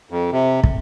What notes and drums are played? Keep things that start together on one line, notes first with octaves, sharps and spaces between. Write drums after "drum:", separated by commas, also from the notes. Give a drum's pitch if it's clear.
F2
C3
drum: kick